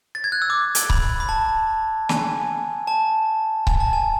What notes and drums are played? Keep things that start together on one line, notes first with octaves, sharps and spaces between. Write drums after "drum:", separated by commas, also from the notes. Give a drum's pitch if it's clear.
A6
G#6
F#6
E6
D6
drum: hi-hat
B5, drum: kick C#1
B5
A5
G#5, drum: snare
A5
G#5, drum: kick C#1
A5
G#5